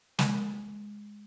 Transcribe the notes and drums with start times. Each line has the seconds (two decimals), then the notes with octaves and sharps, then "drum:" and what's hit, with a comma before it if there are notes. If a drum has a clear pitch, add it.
0.19 G#3, drum: snare